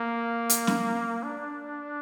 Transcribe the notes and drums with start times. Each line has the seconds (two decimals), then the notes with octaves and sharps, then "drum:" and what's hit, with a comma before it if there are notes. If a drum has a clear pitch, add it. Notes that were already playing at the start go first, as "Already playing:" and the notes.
Already playing: A#3
0.50 drum: hi-hat
0.67 drum: snare C#4
1.23 D4